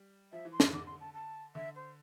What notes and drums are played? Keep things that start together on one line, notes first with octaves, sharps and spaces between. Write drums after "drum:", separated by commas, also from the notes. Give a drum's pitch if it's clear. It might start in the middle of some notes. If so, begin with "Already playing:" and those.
Already playing: G3
F3 E5
E3
C6
D3, drum: snare
D3 D6
C6
A5
A5
D3 E5
C5